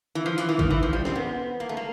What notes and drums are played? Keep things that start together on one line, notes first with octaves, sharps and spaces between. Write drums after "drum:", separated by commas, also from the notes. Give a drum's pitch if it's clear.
E3
F3
E3, drum: hi-hat
E3
D#3, drum: kick G#1
E3
F3
G3
C4, drum: snare
B3
A#3
A3
A#3